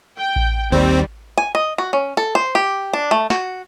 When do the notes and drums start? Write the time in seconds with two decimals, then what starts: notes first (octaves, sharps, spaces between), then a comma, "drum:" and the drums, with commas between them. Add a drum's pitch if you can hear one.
0.18 G5
0.36 drum: kick A1
0.72 D#2 G3 C4
1.38 G#5
1.55 D#5
1.78 F#4
1.93 C#4
2.17 A4
2.35 C5
2.55 G4
2.93 D4
3.11 A3
3.30 F#4, drum: snare